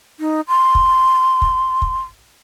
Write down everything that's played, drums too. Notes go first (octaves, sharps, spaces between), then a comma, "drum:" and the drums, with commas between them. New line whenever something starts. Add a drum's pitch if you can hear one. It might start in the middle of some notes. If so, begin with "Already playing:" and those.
D#4
C6
drum: kick
drum: kick
drum: kick